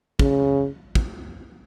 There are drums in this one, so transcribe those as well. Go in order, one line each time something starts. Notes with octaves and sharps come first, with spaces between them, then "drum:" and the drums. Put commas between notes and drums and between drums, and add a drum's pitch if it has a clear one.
C#3, drum: kick
drum: kick